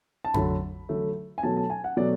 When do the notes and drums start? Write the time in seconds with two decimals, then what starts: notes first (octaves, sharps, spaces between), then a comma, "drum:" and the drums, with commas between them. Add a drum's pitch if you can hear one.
0.25 A5
0.34 D3 F#3 A3 B5, drum: tom F2
0.89 D3 F#3 A3
1.38 G#5
1.43 B2 F#3 A3 A5
1.57 A5
1.70 G#5
1.84 F#5
1.97 B2 F#3 A3 D5